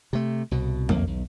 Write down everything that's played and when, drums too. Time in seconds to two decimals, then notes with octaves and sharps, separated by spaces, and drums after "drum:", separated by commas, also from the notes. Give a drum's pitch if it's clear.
0.13 C3 A3
0.51 C2 B2
0.89 C2 F2 A#3, drum: tom E2
1.07 B1